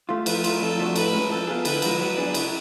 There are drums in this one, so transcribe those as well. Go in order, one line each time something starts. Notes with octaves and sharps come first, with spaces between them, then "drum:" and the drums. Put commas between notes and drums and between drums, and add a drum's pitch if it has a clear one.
A3 F4
F3 B4, drum: cymbal
A3 F4, drum: cymbal
F2 A4
F3 A3 D4 F#4
A2 B4, drum: cymbal
G#3 C#4
F3 A4
B3 F4 G#4
D3 B4, drum: cymbal
F3 G#3, drum: cymbal
F#3 B4
B3 D4 G#4
C#3, drum: cymbal